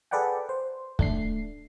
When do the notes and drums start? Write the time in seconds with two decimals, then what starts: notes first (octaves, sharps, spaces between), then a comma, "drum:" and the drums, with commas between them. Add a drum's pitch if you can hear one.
0.11 G#4 A4 B4 D5 F#5 G5
0.49 C5
0.99 A3 D4 C7, drum: kick